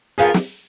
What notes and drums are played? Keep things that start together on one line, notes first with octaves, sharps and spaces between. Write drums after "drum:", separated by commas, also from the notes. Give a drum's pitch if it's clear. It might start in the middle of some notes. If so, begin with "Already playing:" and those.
F3 B3 F4 G#4 A#4
drum: snare